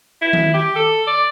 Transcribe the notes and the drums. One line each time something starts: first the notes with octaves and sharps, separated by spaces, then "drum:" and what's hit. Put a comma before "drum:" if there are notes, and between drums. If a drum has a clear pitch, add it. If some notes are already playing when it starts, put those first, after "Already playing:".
E4
drum: tom D#3
G4
A4
D5